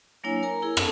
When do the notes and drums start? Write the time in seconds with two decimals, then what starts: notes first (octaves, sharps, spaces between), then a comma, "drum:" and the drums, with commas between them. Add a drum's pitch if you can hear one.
0.24 F#3 A#3 D4 E4 C#5 G#5
0.43 A#4 G#5 A#5
0.62 E4 G#4 A#4
0.77 B3 C#4 D#4 A4 F5 A5, drum: rim click